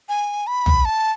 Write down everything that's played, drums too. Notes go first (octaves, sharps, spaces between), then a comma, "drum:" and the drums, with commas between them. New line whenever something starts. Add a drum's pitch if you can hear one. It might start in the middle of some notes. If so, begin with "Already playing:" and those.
G#5
B5
drum: tom B1
A5